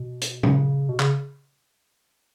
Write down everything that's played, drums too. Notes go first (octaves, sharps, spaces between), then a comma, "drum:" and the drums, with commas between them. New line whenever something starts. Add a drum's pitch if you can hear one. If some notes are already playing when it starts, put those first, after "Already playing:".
Already playing: B2
drum: hi-hat
C#3, drum: tom A#2
B2
C#3, drum: clap